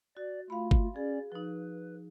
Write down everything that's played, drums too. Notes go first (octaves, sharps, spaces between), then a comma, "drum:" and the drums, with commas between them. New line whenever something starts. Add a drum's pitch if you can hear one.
F#4 D5
A3 F4 F5 B5
drum: kick G1
C#4 G#4 D5
F3 D#4 B4